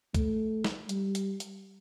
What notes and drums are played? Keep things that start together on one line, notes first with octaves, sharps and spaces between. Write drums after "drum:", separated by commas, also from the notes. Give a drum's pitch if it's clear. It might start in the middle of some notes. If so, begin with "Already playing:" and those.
A3, drum: kick, hi-hat
drum: snare
G3, drum: hi-hat
drum: hi-hat
drum: hi-hat